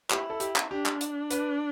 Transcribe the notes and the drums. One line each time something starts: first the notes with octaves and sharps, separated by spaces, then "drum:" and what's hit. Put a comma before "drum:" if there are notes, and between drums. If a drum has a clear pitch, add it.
E4 G4, drum: clap
A4
G4, drum: hi-hat
drum: clap
D4 G4
drum: clap
drum: hi-hat
B4, drum: hi-hat